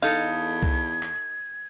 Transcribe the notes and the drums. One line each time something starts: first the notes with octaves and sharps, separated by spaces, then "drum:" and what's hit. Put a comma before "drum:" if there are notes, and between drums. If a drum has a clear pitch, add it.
E2 D#4 A4 F5 G#6
drum: kick C2
drum: clap